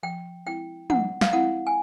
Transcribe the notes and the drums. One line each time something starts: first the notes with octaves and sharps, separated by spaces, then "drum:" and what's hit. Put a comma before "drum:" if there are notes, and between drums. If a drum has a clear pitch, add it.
F3 G5
G#3 C4 E4 G5
F3 F#5, drum: tom
F5, drum: snare
G#3 C4 E4 F#5
G#5